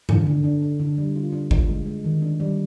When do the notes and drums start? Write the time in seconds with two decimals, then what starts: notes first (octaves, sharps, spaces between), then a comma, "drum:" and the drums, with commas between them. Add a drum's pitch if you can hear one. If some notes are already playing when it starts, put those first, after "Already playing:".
0.09 D3, drum: tom G2
0.26 D3
0.44 D4
0.62 D4
0.80 D3
0.98 G3
1.16 F4
1.32 D4
1.51 F4, drum: kick
1.69 G#3
1.86 G#3
2.04 D#3
2.22 D4
2.40 G3